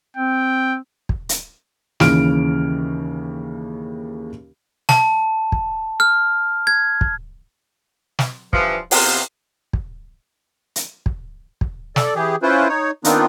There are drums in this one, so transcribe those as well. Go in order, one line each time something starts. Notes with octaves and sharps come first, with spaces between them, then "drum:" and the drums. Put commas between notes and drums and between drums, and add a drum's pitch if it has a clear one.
C4 G5
drum: kick
drum: hi-hat
D#2 C#3 E3 F6 D7, drum: snare
A5, drum: snare
drum: kick
F6
G#6
drum: kick
drum: snare
G2 E3 F3, drum: kick
C3 B3 F4, drum: open hi-hat
drum: kick
drum: hi-hat
drum: kick
drum: kick
A4 D5, drum: snare
E3 G4 G#4
C#4 E4 F4 B4 C5
D#4 C#5
D#3 B3 C4 D4 D#4 F4, drum: hi-hat